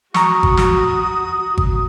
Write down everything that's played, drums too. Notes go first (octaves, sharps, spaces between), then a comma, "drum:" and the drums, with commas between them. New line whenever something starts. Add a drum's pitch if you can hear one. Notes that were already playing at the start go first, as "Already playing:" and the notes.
F#4 A#5 C#6 D#6, drum: snare
drum: kick G#1
drum: snare
drum: kick G#1